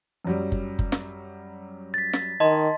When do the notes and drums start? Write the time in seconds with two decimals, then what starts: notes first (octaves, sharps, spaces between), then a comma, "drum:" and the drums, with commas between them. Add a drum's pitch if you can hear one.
0.25 F#2 F#3 G3
0.52 drum: kick F#1
0.79 drum: kick F#1
0.92 drum: snare
1.94 A6 B6
2.13 drum: snare
2.40 D#3 D#5 A5 C6